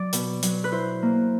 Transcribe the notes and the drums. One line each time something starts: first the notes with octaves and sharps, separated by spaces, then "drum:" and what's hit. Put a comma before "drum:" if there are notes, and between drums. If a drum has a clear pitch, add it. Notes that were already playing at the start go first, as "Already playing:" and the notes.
Already playing: F#3 D5
B2, drum: hi-hat
F#3, drum: hi-hat
B4
E4 C5
A#3